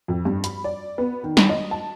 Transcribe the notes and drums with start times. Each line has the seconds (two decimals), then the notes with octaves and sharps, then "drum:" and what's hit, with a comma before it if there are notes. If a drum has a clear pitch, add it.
0.08 F2
0.25 G2
0.44 B5, drum: hi-hat
0.64 D5
0.98 B3
1.24 D#3
1.37 drum: snare
1.49 D#5
1.71 A5